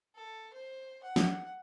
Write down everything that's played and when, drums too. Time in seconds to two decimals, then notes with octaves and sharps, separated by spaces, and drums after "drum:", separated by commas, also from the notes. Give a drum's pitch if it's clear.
0.15 A4
0.54 C5
1.03 F#5
1.16 drum: snare